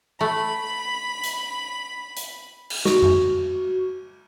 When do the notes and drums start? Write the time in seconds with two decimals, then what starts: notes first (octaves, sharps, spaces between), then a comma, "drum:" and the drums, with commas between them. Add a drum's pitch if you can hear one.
0.21 A3 B5
1.24 drum: hi-hat
2.17 drum: hi-hat
2.70 drum: cymbal
2.85 F#4, drum: snare
3.02 drum: tom F2